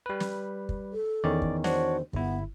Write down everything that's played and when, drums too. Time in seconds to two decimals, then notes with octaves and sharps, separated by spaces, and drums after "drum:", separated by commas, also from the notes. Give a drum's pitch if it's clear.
0.06 G3 B4
0.20 drum: snare
0.69 drum: kick
0.93 A4
1.24 E2 D#3 C#4 D5
1.42 drum: kick
1.64 D4 F#4 C5 C#5, drum: snare
2.13 G1 B3 E4, drum: kick